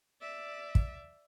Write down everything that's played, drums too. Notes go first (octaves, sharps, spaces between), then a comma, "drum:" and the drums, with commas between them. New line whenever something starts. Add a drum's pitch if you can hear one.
D5 E5
drum: kick